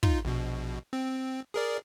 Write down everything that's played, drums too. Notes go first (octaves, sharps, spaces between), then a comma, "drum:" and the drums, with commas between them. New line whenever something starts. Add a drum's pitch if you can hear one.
D#4 F4, drum: kick
A#1 B2
C4
G#4 A#4 D5